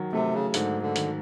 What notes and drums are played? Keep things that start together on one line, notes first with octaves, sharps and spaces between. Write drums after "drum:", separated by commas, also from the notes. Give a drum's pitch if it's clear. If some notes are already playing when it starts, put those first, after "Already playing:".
Already playing: D#3 F#3
C3 A3
C#3
G#2 D3, drum: hi-hat
D3
D#3, drum: hi-hat